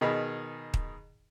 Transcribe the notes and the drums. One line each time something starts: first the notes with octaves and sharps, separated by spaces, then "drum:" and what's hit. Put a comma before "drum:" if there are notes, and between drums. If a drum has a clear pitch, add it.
B2 D#3 D#4 G#4 B5
drum: kick